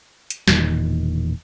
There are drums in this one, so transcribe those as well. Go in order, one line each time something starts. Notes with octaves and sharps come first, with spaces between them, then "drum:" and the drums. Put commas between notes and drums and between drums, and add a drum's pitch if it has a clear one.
drum: hi-hat
E1 E2 A#2 D#3, drum: snare